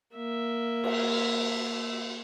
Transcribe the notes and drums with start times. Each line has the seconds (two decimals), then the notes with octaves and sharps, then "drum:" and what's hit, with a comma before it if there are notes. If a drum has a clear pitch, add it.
0.14 A#3 E5
0.84 drum: cymbal